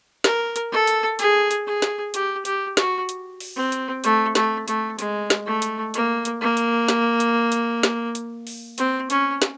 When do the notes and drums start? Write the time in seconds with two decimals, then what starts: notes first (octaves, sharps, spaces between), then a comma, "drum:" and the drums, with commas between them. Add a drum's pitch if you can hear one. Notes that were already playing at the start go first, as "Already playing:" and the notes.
0.24 A#4, drum: snare
0.56 drum: hi-hat
0.71 A4
0.87 drum: hi-hat
1.19 G#4, drum: hi-hat
1.51 drum: hi-hat
1.67 G#4
1.82 drum: snare
2.14 G4, drum: hi-hat
2.45 G4, drum: hi-hat
2.77 F#4, drum: snare
3.09 drum: hi-hat
3.40 drum: open hi-hat
3.56 C4
3.72 drum: hi-hat
4.04 A3, drum: hi-hat
4.35 A3, drum: snare
4.68 A3, drum: hi-hat
4.99 G#3, drum: hi-hat
5.30 drum: snare
5.46 A3
5.62 drum: hi-hat
5.94 A#3, drum: hi-hat
6.25 drum: hi-hat
6.41 A#3
6.57 drum: hi-hat
6.88 drum: snare
7.20 drum: hi-hat
7.52 drum: hi-hat
7.83 drum: snare
8.15 drum: hi-hat
8.47 drum: open hi-hat
8.78 C4, drum: hi-hat
9.10 C#4, drum: hi-hat
9.42 drum: snare